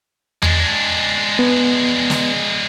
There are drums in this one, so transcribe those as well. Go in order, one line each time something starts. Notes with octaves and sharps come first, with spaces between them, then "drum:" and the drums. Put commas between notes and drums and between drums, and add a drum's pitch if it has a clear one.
G#3 D4, drum: tom E2
B3
drum: snare